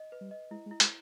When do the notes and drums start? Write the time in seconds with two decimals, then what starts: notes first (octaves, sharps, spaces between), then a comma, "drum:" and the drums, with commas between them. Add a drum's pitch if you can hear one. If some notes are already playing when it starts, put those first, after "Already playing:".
Already playing: D#5
0.12 B4
0.21 G3
0.31 D#5
0.51 G#3 E4
0.66 G#3
0.71 E4
0.80 G#3, drum: hi-hat